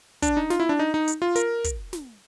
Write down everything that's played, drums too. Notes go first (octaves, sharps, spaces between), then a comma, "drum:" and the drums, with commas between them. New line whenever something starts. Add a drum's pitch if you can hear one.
D4, drum: kick, hi-hat
D#4
F4, drum: snare
E4
D4
D#4
D#4
drum: hi-hat
F4
A#4, drum: hi-hat
drum: kick, hi-hat
drum: snare